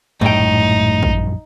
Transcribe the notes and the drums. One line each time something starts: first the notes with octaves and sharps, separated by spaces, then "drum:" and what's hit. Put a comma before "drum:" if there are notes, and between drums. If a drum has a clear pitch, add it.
A#1 F#2 A2 G3 D#4 G5
drum: kick